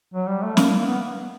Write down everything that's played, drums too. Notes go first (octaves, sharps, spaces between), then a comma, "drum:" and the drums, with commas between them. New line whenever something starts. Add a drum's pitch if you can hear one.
F#3
G3
A3
A#3, drum: snare
A#3
B3